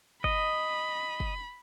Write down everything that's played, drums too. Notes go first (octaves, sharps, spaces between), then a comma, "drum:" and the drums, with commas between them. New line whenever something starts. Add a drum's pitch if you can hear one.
D#5 B5, drum: kick
drum: kick